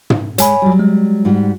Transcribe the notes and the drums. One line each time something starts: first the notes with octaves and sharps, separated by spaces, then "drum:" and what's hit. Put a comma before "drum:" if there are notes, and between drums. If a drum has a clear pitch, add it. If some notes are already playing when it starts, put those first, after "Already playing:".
drum: tom
G#3 C#5 G#5 B5, drum: hi-hat
F#3 G3
G#3
G#2 G3 F#4